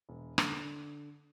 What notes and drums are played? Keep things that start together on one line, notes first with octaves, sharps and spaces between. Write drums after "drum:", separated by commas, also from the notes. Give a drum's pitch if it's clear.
E1
D3, drum: rim click